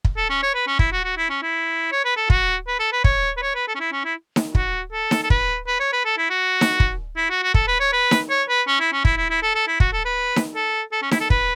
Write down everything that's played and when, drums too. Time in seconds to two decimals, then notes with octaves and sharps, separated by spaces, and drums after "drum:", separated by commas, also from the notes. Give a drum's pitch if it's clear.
0.05 drum: kick
0.17 A4
0.29 C#4
0.43 C#5
0.55 B4
0.67 C#4
0.79 E4, drum: kick
0.92 F#4
1.04 F#4
1.17 E4
1.30 C#4
1.42 E4
1.92 C#5
2.05 B4
2.17 A4
2.30 F#4, drum: kick
2.67 B4
2.79 A4
2.92 B4
3.04 C#5, drum: kick
3.37 B4
3.42 C#5
3.55 B4
3.67 A4
3.75 C#4
3.80 E4
3.92 C#4
4.05 E4
4.36 drum: snare D#4
4.55 F#4, drum: kick
4.92 A4
5.11 drum: snare D#4
5.23 A4
5.30 B4, drum: kick
5.67 B4
5.80 C#5
5.93 B4
6.05 A4
6.17 E4
6.30 F#4
6.61 drum: snare D#4
6.80 drum: kick
7.17 E4
7.30 F#4
7.43 F#4
7.54 A4, drum: kick
7.67 B4
7.80 C#5
7.93 B4
8.11 drum: snare D#4
8.30 C#5
8.49 B4
8.67 C#4
8.80 E4
8.92 C#4
9.05 E4, drum: kick
9.17 E4
9.30 E4
9.42 A4
9.55 A4
9.68 E4
9.80 F#4, drum: kick
9.93 A4
10.05 B4
10.36 drum: snare D#4
10.55 A4
10.92 A4
11.02 C#4
11.11 E4, drum: snare D#4
11.20 A4
11.30 B4, drum: kick